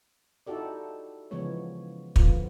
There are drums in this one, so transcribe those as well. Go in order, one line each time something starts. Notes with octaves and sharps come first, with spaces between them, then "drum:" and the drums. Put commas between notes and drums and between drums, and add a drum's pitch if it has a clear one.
D#4 E4 F#4 G4 A4 D5
C#3 E3 F3 G#3 B3 C#5
D3 F3 B3 F4, drum: kick